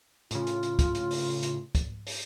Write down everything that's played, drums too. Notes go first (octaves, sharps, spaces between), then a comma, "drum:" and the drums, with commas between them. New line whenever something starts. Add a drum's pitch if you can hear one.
A2 C#3 F4, drum: hi-hat
drum: hi-hat
drum: hi-hat
drum: kick, hi-hat
drum: hi-hat
drum: open hi-hat
drum: hi-hat
drum: kick, hi-hat
drum: open hi-hat